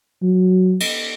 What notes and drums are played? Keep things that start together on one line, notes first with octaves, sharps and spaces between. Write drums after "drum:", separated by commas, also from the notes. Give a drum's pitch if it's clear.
F#3
drum: cymbal